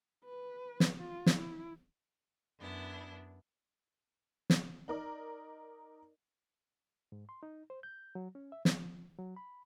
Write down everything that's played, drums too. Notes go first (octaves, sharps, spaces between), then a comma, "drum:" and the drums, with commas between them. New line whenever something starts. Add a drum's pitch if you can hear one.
B4
drum: snare
F4
drum: snare
E4
F#2 B3 D4 E4
drum: snare
D#4 A#4 D5
G#2
C6
D#4
C5
G6
F#3
C#4
E5
E3, drum: snare
F3
F#3
B5